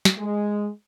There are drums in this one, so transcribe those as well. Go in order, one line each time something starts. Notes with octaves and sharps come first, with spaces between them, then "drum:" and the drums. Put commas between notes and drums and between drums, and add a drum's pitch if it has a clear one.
drum: snare
G#3